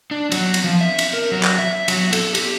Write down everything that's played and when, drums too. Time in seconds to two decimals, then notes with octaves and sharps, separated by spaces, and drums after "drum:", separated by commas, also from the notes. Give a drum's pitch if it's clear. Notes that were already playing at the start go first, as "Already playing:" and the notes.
0.11 D4
0.32 F#3, drum: cymbal
0.54 drum: cymbal
0.64 F3
0.81 E5
0.99 drum: cymbal
1.13 A#4
1.31 F#3
1.43 drum: clap
1.59 E5
1.88 F#3, drum: cymbal
2.13 A4, drum: cymbal
2.35 G4, drum: cymbal